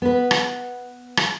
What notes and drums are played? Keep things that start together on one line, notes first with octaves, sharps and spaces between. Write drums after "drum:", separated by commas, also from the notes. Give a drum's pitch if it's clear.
B3 B4
drum: rim click
drum: rim click